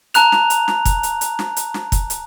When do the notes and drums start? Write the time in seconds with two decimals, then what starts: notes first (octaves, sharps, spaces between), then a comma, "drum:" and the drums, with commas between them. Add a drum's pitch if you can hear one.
0.14 A5 A#5 F#6 F7, drum: hi-hat
0.32 drum: snare
0.50 drum: hi-hat
0.68 drum: snare
0.85 drum: kick, hi-hat
1.03 drum: hi-hat
1.21 drum: hi-hat
1.39 drum: snare
1.56 drum: hi-hat
1.74 drum: snare
1.92 drum: kick, hi-hat
2.10 drum: hi-hat